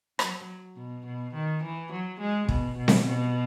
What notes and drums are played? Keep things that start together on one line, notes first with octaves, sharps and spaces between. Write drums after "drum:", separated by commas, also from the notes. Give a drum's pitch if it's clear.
F#3, drum: rim click
B2
B2
D#3
E3
F#3
G#3
B2, drum: kick
B2
drum: snare C4
B2